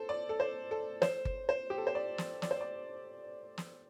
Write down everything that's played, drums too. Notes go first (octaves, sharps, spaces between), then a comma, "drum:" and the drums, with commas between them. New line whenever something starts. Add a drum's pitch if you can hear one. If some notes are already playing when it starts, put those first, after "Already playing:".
Already playing: A4 C5
D5
A4
C5
A4
C5, drum: snare
drum: kick G1
C5
G4
A4
C5
D5
drum: snare
D5, drum: snare
C5
D5
drum: snare